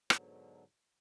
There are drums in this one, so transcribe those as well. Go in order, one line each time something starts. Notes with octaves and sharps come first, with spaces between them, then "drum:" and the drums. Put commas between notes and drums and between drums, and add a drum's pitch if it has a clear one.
G#2 B2 D3 F#3, drum: rim click